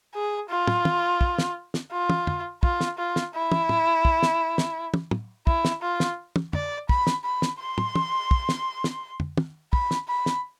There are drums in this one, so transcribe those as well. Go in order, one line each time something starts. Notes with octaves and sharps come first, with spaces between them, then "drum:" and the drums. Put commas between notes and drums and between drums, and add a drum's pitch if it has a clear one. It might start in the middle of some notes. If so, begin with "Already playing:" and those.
G#4
F4
drum: tom
drum: tom
drum: kick
drum: snare
drum: snare
F4
drum: tom
drum: tom
F4, drum: kick
drum: snare
F4
drum: snare
E4
drum: tom
drum: tom
drum: kick
drum: snare
drum: snare
drum: tom
drum: tom
E4, drum: kick
drum: snare
F4
drum: snare
drum: tom
D5, drum: tom
B5, drum: kick
drum: snare
B5
drum: snare
C6
drum: tom
drum: tom
drum: kick
drum: snare
drum: snare
drum: tom
drum: tom
B5, drum: kick
drum: snare
B5
drum: snare